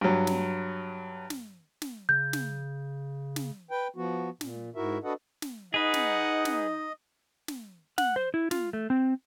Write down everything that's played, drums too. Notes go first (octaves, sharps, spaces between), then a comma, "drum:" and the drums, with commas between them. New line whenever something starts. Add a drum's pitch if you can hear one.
G2 F#3
drum: snare
drum: snare
drum: snare
C#3 G6
drum: snare
drum: snare
B4 G5
F3 B3 F#4
A#2, drum: snare
G#2 E4 F#4 A#4 E5
D4 F#4 A4 B4 D#5 F#5
drum: snare
D#4 G#4 B4 D#5 F#5
drum: snare
drum: snare
drum: snare
F#5, drum: snare
C5
E4
F4, drum: snare
A3
C4